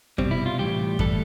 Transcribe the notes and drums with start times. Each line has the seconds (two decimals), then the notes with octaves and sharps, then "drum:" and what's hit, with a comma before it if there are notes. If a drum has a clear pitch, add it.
0.18 C2 B2 G3 C4, drum: kick F#2
0.31 E4
0.46 F4
0.58 A2 E3 G3 G4
0.99 A2 E3 G3 A4, drum: kick F#2